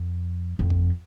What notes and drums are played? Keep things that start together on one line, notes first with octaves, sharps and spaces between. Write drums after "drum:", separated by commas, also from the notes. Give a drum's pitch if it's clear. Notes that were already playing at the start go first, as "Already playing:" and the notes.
Already playing: F2
F2
drum: kick